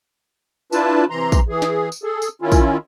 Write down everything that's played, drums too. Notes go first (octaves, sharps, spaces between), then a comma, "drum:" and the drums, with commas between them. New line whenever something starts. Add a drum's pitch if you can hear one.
D4 E4 F4 B4 A5, drum: tambourine
C3 E3 A#5 C6
drum: kick, tambourine
E3 G#4
drum: snare
drum: tambourine
G#4 A4
drum: tambourine
D#3 C#4 E4 F4
drum: kick, tambourine